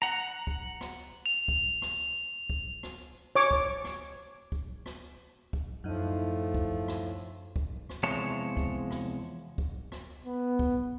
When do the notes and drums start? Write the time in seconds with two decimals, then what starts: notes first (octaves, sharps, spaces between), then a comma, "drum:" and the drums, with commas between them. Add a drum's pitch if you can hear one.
0.02 F#5 A#5
0.47 drum: kick
0.81 drum: rim click
1.26 F7
1.48 drum: kick
1.82 drum: rim click
2.50 drum: kick
2.83 drum: rim click
3.35 C#5 D6
3.51 drum: kick
3.85 drum: rim click
4.52 drum: kick
4.86 drum: rim click
5.53 drum: kick
5.84 F#2 A2 F3 A3 D#4
6.54 drum: kick
6.88 drum: rim click
7.56 drum: kick
7.89 drum: rim click
8.03 E2 C3 F3 G#3 C#5 A5
8.57 drum: kick
8.91 drum: rim click
9.58 drum: kick
9.92 drum: rim click
10.26 B3
10.59 drum: kick